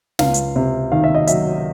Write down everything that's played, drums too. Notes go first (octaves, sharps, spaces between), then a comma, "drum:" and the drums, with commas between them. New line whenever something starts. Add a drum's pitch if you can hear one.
C#2 F5, drum: snare
drum: hi-hat
C3
D#3 F5
E5
D#5
F#3 E5, drum: hi-hat